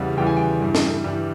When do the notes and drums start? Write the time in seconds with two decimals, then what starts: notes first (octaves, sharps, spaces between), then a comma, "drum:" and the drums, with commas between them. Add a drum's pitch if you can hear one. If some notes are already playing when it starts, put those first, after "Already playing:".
Already playing: E2 C#3 E3 G3
0.17 E2 C#3 E3 G3 G5
0.27 G#5
0.37 G5
0.61 G2 E3 G3
0.75 drum: snare
1.04 G2 E3 G3